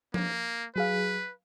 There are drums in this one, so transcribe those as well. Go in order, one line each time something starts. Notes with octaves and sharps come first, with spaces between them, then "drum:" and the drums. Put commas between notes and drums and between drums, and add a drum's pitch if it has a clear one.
A#3, drum: tom F3
F#3 G#4 B4 F5